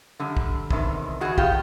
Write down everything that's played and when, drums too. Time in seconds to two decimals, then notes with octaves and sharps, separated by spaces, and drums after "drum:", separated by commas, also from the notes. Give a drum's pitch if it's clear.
0.19 F#2 D3 G3
0.37 drum: kick
0.71 E2 C3 D#3, drum: kick
1.20 E2 C3 D#3 F#4 G#4
1.38 F4 G4, drum: kick